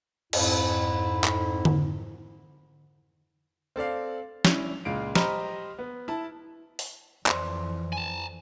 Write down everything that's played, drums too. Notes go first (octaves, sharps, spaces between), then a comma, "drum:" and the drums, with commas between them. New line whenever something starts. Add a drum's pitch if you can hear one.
F2 G#2 E4, drum: cymbal
drum: clap
drum: tom D3
C4 A4 D5 F5
C#4 D4 E4 F7, drum: snare
C#2 A#2 G#3 F5 D7
G4 C5 D#5 A#5 B5 F6, drum: snare
B3
E4 A5
drum: open hi-hat
F2 E3 C5 D5, drum: clap
G#5 A5